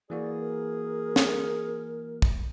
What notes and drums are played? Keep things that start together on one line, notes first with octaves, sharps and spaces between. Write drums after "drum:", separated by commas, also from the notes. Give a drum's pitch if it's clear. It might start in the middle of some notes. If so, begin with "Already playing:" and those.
E3 A#3 F#4 G#4 D5
A#4
drum: snare
drum: kick